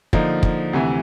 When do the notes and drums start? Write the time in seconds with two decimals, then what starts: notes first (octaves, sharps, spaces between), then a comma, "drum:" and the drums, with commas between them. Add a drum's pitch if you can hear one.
0.13 D3 F3 A#3 D#4, drum: kick
0.43 drum: kick
0.73 D2 C3 E3